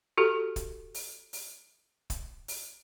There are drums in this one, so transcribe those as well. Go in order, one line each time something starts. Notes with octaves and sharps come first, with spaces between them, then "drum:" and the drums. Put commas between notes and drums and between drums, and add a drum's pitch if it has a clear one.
F#4 G4 A4
drum: kick, hi-hat
drum: open hi-hat
drum: open hi-hat
drum: kick, hi-hat
drum: open hi-hat